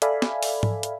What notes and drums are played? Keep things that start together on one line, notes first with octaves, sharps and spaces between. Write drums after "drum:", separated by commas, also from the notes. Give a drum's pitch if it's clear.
A4 D5 E5 F5 G#5 B5, drum: hi-hat
drum: snare
drum: open hi-hat
drum: tom G#2
drum: hi-hat